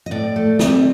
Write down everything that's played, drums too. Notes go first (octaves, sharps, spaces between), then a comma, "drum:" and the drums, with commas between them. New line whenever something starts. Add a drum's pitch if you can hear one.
D#5
A2 D5
A3
C4, drum: snare